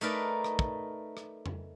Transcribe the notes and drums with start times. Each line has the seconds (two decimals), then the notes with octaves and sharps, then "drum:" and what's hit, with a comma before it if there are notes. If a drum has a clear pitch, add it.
0.01 A3 D#4 A#4 B4 D5
0.44 drum: rim click
0.59 drum: kick
1.17 drum: rim click
1.46 drum: tom F2